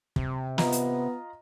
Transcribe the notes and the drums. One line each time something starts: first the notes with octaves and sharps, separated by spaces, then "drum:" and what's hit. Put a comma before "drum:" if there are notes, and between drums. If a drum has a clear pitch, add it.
C3, drum: kick
B3 F4 D#5 A#5, drum: snare
drum: hi-hat